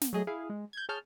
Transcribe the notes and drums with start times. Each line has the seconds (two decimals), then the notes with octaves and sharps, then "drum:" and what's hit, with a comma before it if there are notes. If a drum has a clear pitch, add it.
0.01 drum: snare
0.13 F#3 A3 G#4 D#5
0.27 E4 G#4 F5
0.50 G#3
0.73 G6 G#6
0.89 G#4 C#5 A5 F6 G6